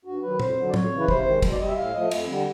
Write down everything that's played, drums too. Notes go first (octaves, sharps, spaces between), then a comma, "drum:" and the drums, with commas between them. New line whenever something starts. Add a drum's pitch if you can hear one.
G2 F#4
D#3 F#3 B4
F2 C5, drum: tom
D3 F#3
D5
F2 C#5, drum: tom
C#3 E3
B4
C3 C5, drum: kick
D#3 G#3
B2, drum: kick, cymbal
D5
G3 D#5
E5
A2 F5
F3 A3 D#5
F2, drum: cymbal
D3 G3